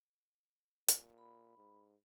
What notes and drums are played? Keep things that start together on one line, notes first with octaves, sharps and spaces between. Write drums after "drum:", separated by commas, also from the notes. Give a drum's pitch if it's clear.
A#2, drum: hi-hat
B5
G#2